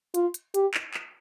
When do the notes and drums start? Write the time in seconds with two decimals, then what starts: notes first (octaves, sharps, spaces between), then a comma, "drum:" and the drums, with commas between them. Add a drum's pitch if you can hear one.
0.14 F4, drum: hi-hat
0.34 drum: hi-hat
0.54 G4, drum: hi-hat
0.74 drum: clap
0.94 drum: clap